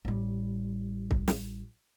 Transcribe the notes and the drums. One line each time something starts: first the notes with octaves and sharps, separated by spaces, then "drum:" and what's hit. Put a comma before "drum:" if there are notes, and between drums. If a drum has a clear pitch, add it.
A1 G3
drum: kick
drum: snare